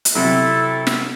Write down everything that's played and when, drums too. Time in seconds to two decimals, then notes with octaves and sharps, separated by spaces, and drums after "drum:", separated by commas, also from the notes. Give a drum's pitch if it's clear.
0.05 drum: hi-hat
0.15 C3 F#3 E4 A4
0.87 drum: snare